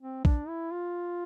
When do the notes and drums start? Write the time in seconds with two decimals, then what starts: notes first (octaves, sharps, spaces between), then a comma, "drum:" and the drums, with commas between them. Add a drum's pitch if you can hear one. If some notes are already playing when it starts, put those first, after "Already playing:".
0.01 C4
0.25 D4, drum: kick A#1
0.48 E4
0.71 F4